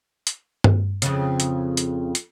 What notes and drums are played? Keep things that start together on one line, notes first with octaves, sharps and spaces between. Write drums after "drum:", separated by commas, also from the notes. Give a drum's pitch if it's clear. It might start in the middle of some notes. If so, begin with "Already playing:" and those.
drum: hi-hat
drum: tom G2
F2 C#3, drum: hi-hat
drum: hi-hat
drum: hi-hat
drum: hi-hat